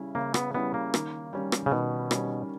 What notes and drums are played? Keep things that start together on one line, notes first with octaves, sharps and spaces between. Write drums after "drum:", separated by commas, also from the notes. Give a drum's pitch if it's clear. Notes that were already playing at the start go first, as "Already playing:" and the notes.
Already playing: C#3 G3 C#4 E4
C#3 A#3
B3, drum: rim click
G3 B3 C#4 E4
A#3
D#3, drum: rim click
G3 C#4
drum: rim click
C#3
B2 D#3
G3 C#4, drum: rim click